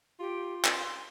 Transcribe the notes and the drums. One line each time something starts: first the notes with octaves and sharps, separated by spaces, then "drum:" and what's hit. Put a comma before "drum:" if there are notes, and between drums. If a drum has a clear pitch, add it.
F4 G4
C6, drum: clap